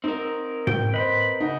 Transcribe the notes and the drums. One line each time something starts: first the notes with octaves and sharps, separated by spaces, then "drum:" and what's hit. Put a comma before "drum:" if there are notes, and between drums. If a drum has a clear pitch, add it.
C4 D#4 A#4
G5, drum: tom
B4 C5 D#5 B5
C#3 D#4 D#5 F#5